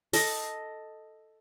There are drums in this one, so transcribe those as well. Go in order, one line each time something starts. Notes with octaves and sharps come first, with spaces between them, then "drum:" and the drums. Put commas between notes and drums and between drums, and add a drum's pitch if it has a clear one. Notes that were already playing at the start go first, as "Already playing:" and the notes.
A4 D#5, drum: open hi-hat